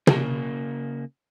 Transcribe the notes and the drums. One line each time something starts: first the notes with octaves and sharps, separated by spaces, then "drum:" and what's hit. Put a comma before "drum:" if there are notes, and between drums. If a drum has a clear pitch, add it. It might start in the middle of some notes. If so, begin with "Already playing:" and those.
C#3 A#3, drum: tom